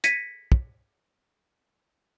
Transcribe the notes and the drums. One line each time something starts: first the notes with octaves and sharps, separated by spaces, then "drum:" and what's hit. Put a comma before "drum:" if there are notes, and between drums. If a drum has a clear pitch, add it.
G#6 A#6 B6 C#7 D#7, drum: hi-hat
drum: kick